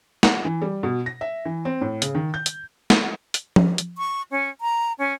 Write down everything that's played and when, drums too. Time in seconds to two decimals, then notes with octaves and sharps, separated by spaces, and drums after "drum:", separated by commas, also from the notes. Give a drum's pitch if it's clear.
0.23 F#5, drum: snare
0.45 E3
0.62 G3
0.83 B2
1.06 A#6
1.21 E5
1.45 E3
1.65 C4
1.81 A2
2.02 C#3, drum: hi-hat
2.15 D#3
2.34 G6
2.46 drum: hi-hat
2.90 drum: snare
3.34 drum: hi-hat
3.56 drum: tom F3
3.78 drum: hi-hat
3.98 C#6
4.31 C#4
4.61 A#5
4.99 C#4